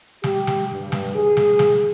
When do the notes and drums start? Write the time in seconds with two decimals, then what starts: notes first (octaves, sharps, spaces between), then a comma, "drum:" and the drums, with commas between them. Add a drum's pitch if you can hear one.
0.24 G4, drum: snare
0.47 drum: snare
0.70 G2
0.92 drum: snare
1.15 G#4
1.37 drum: snare
1.59 drum: snare